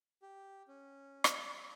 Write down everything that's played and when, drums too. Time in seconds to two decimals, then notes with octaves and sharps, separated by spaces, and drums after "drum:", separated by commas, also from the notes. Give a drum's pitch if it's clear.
0.22 G4
0.68 C#4
1.24 drum: rim click